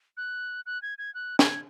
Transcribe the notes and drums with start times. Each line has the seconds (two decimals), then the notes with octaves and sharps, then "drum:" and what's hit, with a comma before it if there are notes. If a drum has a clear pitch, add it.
0.17 F#6
0.66 F#6
0.82 G#6
0.98 G#6
1.15 F#6
1.39 G#6, drum: snare